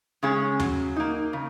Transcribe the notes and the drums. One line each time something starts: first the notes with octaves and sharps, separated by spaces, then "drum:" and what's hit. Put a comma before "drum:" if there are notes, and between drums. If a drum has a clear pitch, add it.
C#3 G#3 C#4 G#4
F#3, drum: tom D#2
A#3 D#4
C#3